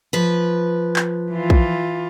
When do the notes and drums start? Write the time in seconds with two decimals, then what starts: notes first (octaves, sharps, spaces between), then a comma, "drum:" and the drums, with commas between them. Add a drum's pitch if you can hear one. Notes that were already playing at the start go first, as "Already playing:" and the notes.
0.13 F3 B4
0.96 drum: clap
1.32 E3 F4
1.50 drum: kick A#1